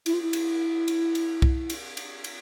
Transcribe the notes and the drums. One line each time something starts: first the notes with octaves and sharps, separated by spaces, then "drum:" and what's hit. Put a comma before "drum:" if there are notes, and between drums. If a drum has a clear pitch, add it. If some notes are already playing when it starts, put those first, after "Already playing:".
E4, drum: cymbal
F4
E4
drum: cymbal
drum: cymbal
drum: cymbal
drum: kick C2
drum: cymbal
drum: cymbal
drum: cymbal